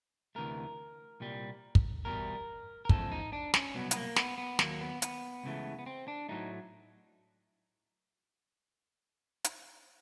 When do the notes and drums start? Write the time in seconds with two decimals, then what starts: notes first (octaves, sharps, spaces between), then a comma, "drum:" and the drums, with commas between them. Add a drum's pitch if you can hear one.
0.35 D2 C3 E3 A3 A#4
1.20 C2 A#2 G3
1.75 drum: kick
2.05 E2 B2 G3 A#4
2.85 A#4
2.89 E2 C#3 F3 G#3 A4, drum: kick
3.12 D#4
3.33 D4
3.54 C#4, drum: snare
3.74 C2 B2 F#3 B3
3.91 B3, drum: hi-hat
3.96 A#3
4.16 B3, drum: snare
4.38 B3
4.59 D#2 D3 F#3 A#3, drum: snare
4.81 B3
5.02 B3, drum: hi-hat
5.44 C#2 C#3 E3 A3
5.79 B3
5.86 C4
6.08 D4
6.29 A2 F#3 A3 D#4
9.44 drum: hi-hat